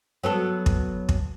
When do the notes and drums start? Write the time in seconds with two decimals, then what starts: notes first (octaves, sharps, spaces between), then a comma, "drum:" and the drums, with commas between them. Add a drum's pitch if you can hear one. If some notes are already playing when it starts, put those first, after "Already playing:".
0.23 F#3 B3 A4
0.66 drum: kick
1.09 drum: kick